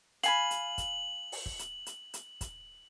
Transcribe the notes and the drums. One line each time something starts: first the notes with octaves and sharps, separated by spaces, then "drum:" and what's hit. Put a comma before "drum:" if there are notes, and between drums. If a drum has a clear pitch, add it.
F5 G#5 B5 F#7, drum: hi-hat
drum: hi-hat
drum: kick, hi-hat
drum: open hi-hat
drum: kick
drum: hi-hat
drum: hi-hat
drum: hi-hat
drum: kick, hi-hat